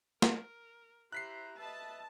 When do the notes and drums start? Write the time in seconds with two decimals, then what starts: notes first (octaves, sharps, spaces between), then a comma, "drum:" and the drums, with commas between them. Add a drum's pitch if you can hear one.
0.22 A#4, drum: snare
1.12 E4 G4 C5 A#5 F#6 B6 C7
1.59 B4 D#5 E5 A5